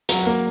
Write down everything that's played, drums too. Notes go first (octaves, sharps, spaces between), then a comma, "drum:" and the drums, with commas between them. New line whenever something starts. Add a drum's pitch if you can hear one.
F#3, drum: hi-hat
A#3